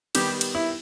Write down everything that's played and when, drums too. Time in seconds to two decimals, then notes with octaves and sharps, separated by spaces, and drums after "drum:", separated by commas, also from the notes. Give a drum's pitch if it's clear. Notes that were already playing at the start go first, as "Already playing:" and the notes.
0.15 D#3 G3 B3 G4, drum: cymbal
0.41 drum: cymbal
0.55 E4